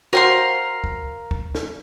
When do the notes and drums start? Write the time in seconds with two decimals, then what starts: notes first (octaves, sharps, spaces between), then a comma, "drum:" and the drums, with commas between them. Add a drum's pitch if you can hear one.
0.13 F#4 A#4 C5 F5 G5 C6
0.84 drum: kick
1.31 drum: kick
1.55 drum: snare